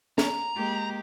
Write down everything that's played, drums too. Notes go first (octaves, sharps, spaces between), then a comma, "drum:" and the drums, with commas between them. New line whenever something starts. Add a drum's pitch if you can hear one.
A#5, drum: snare
G#3 A#3 G4